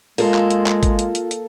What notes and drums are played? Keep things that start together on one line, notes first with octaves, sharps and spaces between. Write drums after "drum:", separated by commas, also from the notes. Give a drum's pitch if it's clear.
G#3 A#3 F4 A4, drum: open hi-hat
drum: clap
drum: hi-hat
drum: clap
drum: kick, hi-hat
drum: hi-hat
drum: hi-hat
drum: hi-hat